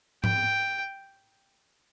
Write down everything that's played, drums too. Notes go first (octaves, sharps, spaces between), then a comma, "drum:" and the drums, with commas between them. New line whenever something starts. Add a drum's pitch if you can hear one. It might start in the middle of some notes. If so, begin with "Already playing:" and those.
G5, drum: tom G#2